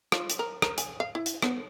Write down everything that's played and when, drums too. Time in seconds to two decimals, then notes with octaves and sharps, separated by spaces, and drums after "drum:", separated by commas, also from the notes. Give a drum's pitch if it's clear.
0.12 F4, drum: rim click
0.30 drum: hi-hat
0.39 A#4
0.62 A#4, drum: rim click
0.78 G#5, drum: hi-hat
1.00 F5
1.15 E4
1.26 drum: hi-hat
1.42 B3, drum: rim click